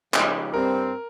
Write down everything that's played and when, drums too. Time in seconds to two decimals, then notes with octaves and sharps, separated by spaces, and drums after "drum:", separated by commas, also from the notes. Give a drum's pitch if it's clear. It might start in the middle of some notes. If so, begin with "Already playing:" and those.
0.14 C#3 F3 G#3 D#4 G4, drum: clap
0.53 G2 G3 C4 A#4